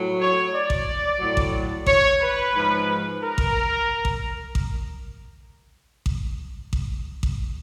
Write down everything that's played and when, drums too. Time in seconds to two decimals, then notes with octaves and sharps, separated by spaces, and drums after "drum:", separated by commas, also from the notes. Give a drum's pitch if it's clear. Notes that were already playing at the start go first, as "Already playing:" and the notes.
Already playing: A2 F#3
0.20 C#5
0.53 D5
0.70 drum: kick A1
1.20 A2 F#3
1.37 drum: kick A1
1.86 C#5, drum: kick A1
2.20 B4
2.54 G#2 F3
3.22 A#4
3.38 drum: kick A1
4.05 drum: kick A1
4.55 drum: kick A1
6.06 drum: kick A1
6.73 drum: kick A1
7.23 drum: kick A1